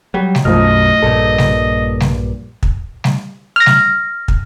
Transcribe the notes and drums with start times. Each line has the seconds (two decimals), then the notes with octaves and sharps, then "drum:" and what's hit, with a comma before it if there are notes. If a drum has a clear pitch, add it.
0.14 F#3 G3
0.35 drum: snare G3
0.45 B1 F#2 F3 A3 D#5 F6
1.03 A#1 G2 A#2 A4
1.38 drum: snare G3
2.00 drum: snare G3
2.63 drum: kick
3.04 drum: snare G3
3.56 F6 A#6
3.66 drum: snare G3
4.28 drum: kick